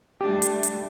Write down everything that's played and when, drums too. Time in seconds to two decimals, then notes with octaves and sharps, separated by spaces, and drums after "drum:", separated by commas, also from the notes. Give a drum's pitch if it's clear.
0.21 G3 A3 D4 G4
0.42 drum: hi-hat
0.63 drum: hi-hat